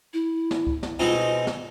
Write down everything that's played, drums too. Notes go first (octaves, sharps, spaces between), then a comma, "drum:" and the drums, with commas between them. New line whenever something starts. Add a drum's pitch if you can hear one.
E4
drum: snare
drum: kick C#2
drum: snare
B2 G#3 C4 D#4 F4
drum: snare